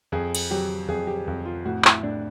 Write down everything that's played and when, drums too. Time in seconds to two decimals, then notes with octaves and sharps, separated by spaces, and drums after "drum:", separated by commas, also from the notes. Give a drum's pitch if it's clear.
0.12 F2 G#4
0.35 drum: cymbal
0.51 F#3 G4
0.88 F2 G#4
1.07 G4
1.27 F2
1.46 F4
1.66 A2 F#4
1.85 E4, drum: clap
2.03 A2 D4